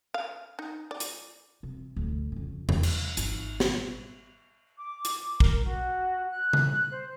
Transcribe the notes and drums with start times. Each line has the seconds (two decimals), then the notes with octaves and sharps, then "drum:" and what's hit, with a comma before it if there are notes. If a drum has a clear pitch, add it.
0.14 F5
0.59 D#4
0.91 D5
1.00 drum: hi-hat
1.63 C3
1.96 D2 A2
2.32 F2 C#3
2.69 D4, drum: tom E2
2.83 drum: cymbal
3.17 G#1 D#4, drum: hi-hat
3.60 drum: snare
4.77 D6
5.05 drum: hi-hat
5.40 A#4, drum: kick
5.64 F#4
6.31 F#6
6.53 drum: tom C#3
6.90 C5